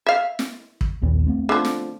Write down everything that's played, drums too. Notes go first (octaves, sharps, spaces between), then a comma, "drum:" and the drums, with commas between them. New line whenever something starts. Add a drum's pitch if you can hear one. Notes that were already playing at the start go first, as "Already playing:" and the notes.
E5 F5
drum: snare
drum: kick
A#1 D#2 B3
A3 B3 C4
D3 F3
drum: snare